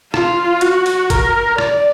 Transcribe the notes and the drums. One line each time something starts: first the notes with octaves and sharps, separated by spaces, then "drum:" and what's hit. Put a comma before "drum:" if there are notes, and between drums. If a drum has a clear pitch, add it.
F4, drum: rim click
F#4, drum: hi-hat
drum: open hi-hat
A#4, drum: kick G1, hi-hat
D5, drum: rim click